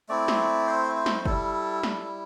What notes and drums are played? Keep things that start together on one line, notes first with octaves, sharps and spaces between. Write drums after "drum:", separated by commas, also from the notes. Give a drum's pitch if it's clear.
A3 C4 E4 D5
drum: snare
C5
C5
drum: snare
G3 E4 A4, drum: kick
A4, drum: snare